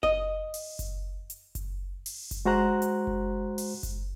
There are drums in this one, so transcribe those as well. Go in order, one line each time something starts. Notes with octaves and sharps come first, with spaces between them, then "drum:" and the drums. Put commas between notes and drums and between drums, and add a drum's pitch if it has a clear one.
D#5, drum: kick F#1
drum: open hi-hat
drum: kick F#1, hi-hat
drum: hi-hat
drum: kick F#1, hi-hat
drum: open hi-hat
drum: kick F#1, hi-hat
G#3 F#4 C5 A#5 F#6
drum: hi-hat
drum: kick F#1
drum: open hi-hat
drum: kick F#1, hi-hat